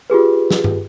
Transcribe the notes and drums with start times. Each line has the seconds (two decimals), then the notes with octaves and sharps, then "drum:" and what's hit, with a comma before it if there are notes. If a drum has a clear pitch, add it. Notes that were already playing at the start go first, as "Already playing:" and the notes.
0.10 F4 G4 G#4 B4
0.51 drum: snare
0.64 drum: tom G2